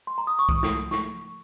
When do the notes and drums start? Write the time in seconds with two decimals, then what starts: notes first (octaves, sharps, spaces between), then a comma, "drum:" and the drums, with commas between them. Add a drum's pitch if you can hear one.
0.07 C6
0.18 A#5
0.27 D#6
0.39 C#6
0.49 D#6, drum: kick C2
0.63 drum: snare
0.91 C#6, drum: snare